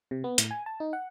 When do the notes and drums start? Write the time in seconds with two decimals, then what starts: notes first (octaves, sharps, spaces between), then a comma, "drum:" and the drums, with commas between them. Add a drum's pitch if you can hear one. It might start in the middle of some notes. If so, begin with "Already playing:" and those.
0.11 C3
0.24 B3
0.38 A2, drum: hi-hat
0.51 G#5
0.66 A5
0.80 D#4
0.93 F#5